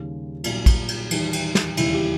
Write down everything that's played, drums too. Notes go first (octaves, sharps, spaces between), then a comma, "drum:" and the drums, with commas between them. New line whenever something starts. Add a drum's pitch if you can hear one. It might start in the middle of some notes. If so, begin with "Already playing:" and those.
Already playing: D#2 C#3 G3
B1 A#2 G3, drum: cymbal
drum: kick, cymbal
drum: cymbal
E2 D#3 G3, drum: cymbal
drum: cymbal
drum: snare
E1 D#2 C#3 E3 G3 E4, drum: cymbal
G4